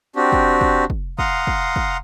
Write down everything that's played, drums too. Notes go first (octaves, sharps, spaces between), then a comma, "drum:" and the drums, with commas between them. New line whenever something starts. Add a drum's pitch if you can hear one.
C4 D4 F#4 G4
drum: kick
drum: kick
drum: kick
F5 F#5 A#5 C6 D#6, drum: kick
drum: kick
drum: kick